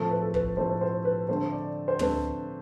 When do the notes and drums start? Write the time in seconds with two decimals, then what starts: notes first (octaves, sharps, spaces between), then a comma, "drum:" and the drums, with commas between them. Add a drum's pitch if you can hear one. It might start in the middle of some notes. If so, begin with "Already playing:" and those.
Already playing: A2 F3 A3 C4 A4
0.11 B4
0.22 A4
0.34 B4, drum: kick
0.57 A2 F3 A3 C4 C5
0.81 C5
1.05 B4
1.29 D3 A3 C4 C5
1.52 D5
1.88 C5
1.99 D3 A3 C4 B4, drum: tom